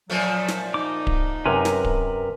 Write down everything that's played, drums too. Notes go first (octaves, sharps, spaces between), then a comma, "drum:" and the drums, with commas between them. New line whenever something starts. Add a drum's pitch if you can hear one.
A#2 F3 F#3 A3
drum: snare
D#4 D6
drum: kick D1
F#2 C3 A#4 B4 G#5
drum: snare
drum: kick D1